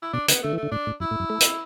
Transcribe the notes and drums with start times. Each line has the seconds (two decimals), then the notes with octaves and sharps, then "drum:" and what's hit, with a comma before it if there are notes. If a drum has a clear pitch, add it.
0.03 E4
0.13 B2 D4
0.28 D3 B3, drum: hi-hat
0.43 D3 A3
0.53 E3
0.57 A3
0.63 D3
0.71 A2 D4
0.87 A2
1.00 F#2 E4
1.11 A2
1.20 F#2
1.30 A3
1.40 drum: hi-hat